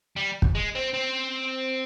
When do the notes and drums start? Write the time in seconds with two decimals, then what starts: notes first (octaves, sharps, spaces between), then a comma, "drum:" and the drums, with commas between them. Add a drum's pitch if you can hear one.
0.16 G3
0.42 drum: kick
0.55 G#3
0.75 C4
0.94 C4